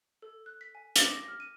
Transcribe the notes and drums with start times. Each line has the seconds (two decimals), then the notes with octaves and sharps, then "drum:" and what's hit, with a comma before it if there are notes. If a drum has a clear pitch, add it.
0.22 A4
0.46 F#6
0.61 B6
0.75 G#5
0.96 D6, drum: hi-hat
1.13 A#6
1.28 F6
1.40 D#7